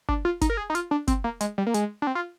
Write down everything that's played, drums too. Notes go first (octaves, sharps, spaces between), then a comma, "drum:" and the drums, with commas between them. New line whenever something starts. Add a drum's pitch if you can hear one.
D4, drum: kick
F4
D#4, drum: kick, hi-hat
A#4
G#4
D#4
F4, drum: hi-hat
D4
C4, drum: kick, hi-hat
A#3
G#3, drum: hi-hat
G3
A#3
G#3, drum: hi-hat
D4
C4
F4